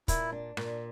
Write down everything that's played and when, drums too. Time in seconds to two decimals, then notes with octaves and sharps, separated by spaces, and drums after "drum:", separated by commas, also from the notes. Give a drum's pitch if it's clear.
0.08 A#2 E4, drum: kick, hi-hat
0.32 D4
0.57 A#2, drum: rim click